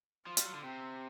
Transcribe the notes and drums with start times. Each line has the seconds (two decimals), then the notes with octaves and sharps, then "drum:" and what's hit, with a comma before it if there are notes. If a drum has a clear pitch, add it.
0.27 F3 F4
0.37 G3, drum: hi-hat
0.45 F#3
0.54 D3
0.64 C3 C4